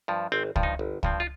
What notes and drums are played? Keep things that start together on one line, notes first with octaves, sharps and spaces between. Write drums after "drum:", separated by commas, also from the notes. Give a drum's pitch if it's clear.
G2 F3
G#1 C4
G2 F3, drum: kick C#2
D#4
G1
G2 F3 C4, drum: kick C#2
F4